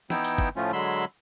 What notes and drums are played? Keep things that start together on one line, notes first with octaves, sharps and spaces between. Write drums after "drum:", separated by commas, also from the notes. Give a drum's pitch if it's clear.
E3 B3 D#4 E4 G5 E6, drum: snare
drum: tambourine
drum: kick
A2 F3 A3 C#4 F4
D3 F#3 G#3 B5 C6 E6